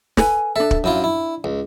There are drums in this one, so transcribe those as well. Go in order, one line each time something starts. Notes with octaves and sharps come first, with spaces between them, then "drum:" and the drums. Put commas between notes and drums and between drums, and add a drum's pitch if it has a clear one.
A4 B4 G#5, drum: snare
D4 A4 E5
drum: kick
F#2 E4 F4
E4
C#2